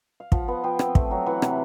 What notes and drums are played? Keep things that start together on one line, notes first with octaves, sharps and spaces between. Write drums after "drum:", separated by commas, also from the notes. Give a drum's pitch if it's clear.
F5
F3 F#5, drum: kick
B3 F#5
F3 G5
C4, drum: rim click
A3, drum: kick
F#3
E3 F#5
C3, drum: rim click